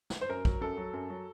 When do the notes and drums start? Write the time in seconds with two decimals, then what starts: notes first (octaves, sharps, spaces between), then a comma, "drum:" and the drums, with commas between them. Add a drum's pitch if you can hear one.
0.10 drum: snare
0.21 C5
0.29 F#2 A#4
0.45 F#3, drum: kick A#1
0.61 F#2 A4
0.77 F#3
0.93 F#2
1.10 F#3